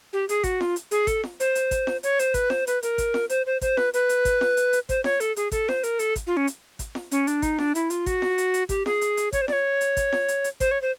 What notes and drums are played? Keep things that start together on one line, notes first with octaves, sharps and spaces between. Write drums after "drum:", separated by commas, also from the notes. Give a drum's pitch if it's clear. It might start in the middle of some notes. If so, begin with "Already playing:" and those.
G4
G#4, drum: hi-hat
F#4, drum: kick, hi-hat
F4, drum: snare
drum: hi-hat
G#4, drum: hi-hat
A4, drum: kick, hi-hat
drum: snare
C5, drum: hi-hat
drum: hi-hat
drum: kick, hi-hat
drum: snare
C#5, drum: hi-hat
C5, drum: hi-hat
B4, drum: kick, hi-hat
C5, drum: snare
B4, drum: hi-hat
A#4, drum: hi-hat
drum: kick, hi-hat
drum: snare
C5, drum: hi-hat
C5
C5, drum: kick, hi-hat
B4, drum: snare
B4, drum: hi-hat
drum: hi-hat
drum: kick, hi-hat
drum: snare
drum: hi-hat
drum: hi-hat
C5, drum: kick, hi-hat
C#5, drum: snare
A4, drum: hi-hat
G#4, drum: hi-hat
A4, drum: kick, hi-hat
C5, drum: snare
A#4, drum: hi-hat
A4, drum: hi-hat
drum: kick, hi-hat
F4
C#4
drum: hi-hat
drum: kick, hi-hat
drum: snare
C#4, drum: hi-hat
D4, drum: hi-hat
D#4, drum: kick, hi-hat
D4, drum: snare
E4, drum: hi-hat
F4, drum: hi-hat
F#4, drum: kick, hi-hat
drum: snare
drum: hi-hat
drum: hi-hat
G4, drum: kick, hi-hat
G#4, drum: snare
drum: hi-hat
drum: hi-hat
C#5, drum: kick, hi-hat
C5
D5, drum: snare
C#5
drum: hi-hat
drum: kick, hi-hat
drum: snare
drum: hi-hat
drum: hi-hat
C5, drum: kick, hi-hat
C#5
C5